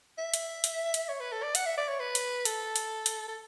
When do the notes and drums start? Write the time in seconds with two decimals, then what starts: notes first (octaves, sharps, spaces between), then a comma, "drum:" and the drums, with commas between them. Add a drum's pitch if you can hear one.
0.18 E5
0.34 drum: hi-hat
0.64 drum: hi-hat
0.94 drum: hi-hat
1.09 C#5
1.20 B4
1.32 A4
1.43 D5
1.55 F#5, drum: hi-hat
1.66 E5
1.78 D5
1.88 C#5
1.99 B4
2.15 drum: hi-hat
2.45 A4, drum: hi-hat
2.76 drum: hi-hat
3.06 drum: hi-hat
3.28 A4